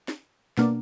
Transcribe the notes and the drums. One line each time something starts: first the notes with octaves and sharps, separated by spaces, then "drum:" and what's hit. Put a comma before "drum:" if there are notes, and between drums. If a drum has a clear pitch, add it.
drum: snare
B2 A#3 D4, drum: snare